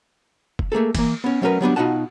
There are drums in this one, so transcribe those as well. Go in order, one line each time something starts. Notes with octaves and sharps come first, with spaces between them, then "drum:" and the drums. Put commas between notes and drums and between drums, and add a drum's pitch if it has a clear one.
drum: kick
A3 A#3 G#4 A4
E3 A#3, drum: kick, cymbal
B3 C#4
F#3 A3 C#4 G#4 A#4 B4
F#3 G3 B3 D4
B2 D#4 F4 F#4 F#5 A5